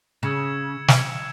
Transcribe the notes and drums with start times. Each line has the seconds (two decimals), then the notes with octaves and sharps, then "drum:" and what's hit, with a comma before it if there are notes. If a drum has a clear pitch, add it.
0.23 C#3 E6 G#6 C#7 E7
0.88 drum: snare